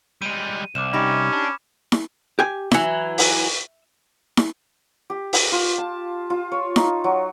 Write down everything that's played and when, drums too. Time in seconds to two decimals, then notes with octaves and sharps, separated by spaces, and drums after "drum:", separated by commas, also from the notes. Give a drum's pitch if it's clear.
0.22 G3 G#3 D#7
0.75 C2 D6 E7
0.93 C#4 D#4 G4 B5 D6
1.33 D4
1.92 drum: snare E4
2.39 G4 G#5
2.71 E3 F#3 E5, drum: snare E4
3.18 drum: open hi-hat
4.37 drum: snare E4
5.10 G4
5.33 drum: open hi-hat
5.52 F4
5.78 A5
6.30 F4
6.52 C#5
6.76 D#4, drum: snare E4
7.04 F#3